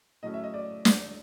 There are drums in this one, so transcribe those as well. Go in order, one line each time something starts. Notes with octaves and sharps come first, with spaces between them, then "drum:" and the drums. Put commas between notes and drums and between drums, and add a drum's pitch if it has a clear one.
A2 F#3 A3 C#4 D#5
E5
D#5
D5
drum: snare